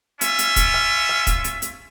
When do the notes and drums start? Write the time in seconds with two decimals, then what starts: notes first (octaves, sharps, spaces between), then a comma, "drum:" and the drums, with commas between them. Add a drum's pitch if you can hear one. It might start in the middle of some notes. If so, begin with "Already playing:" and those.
0.21 C#4 F4 E5, drum: hi-hat
0.39 drum: hi-hat
0.56 drum: kick, hi-hat
0.74 drum: rim click
1.09 drum: rim click
1.27 drum: kick, hi-hat
1.44 drum: hi-hat
1.62 drum: hi-hat